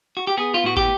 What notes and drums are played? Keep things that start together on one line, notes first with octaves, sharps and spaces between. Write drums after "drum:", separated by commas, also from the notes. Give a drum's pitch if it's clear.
F#4
G4
B3 G#4
F4
A2 F#4
G4, drum: kick